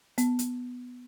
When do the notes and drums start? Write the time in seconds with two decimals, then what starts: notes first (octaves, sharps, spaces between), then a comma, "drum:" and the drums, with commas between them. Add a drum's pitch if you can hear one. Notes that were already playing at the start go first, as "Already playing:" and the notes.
0.18 B3, drum: hi-hat
0.39 drum: hi-hat